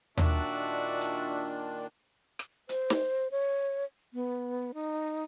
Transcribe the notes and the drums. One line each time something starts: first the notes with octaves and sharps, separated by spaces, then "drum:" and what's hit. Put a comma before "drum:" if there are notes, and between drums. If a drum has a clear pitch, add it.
A#2 D#3 D4 F#4 D5 E5, drum: tom D#2
drum: hi-hat
drum: rim click
C5, drum: hi-hat
drum: snare
C#5
B3
D#4